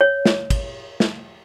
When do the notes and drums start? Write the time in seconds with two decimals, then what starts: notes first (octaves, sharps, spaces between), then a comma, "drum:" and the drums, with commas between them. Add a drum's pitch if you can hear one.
0.01 C#5
0.25 drum: snare
0.50 drum: kick, cymbal
1.00 drum: snare